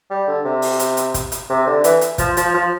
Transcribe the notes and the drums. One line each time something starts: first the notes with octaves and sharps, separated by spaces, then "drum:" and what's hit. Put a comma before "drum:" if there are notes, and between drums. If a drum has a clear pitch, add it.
G3
D3
C3
drum: open hi-hat
drum: hi-hat
drum: hi-hat
drum: kick, hi-hat
drum: hi-hat
C3
D3
E3, drum: hi-hat
drum: hi-hat
F3, drum: kick, hi-hat
F3, drum: hi-hat
F3